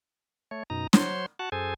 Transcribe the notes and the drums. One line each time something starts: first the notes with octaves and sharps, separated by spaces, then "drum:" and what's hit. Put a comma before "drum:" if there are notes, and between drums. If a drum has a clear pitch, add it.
A3 C#5
F#2 B2 D#4 A#5
F#3 C5 C#5 C6, drum: snare
F#4 F#5 A5
F#2 G#4 A4 C5 G#5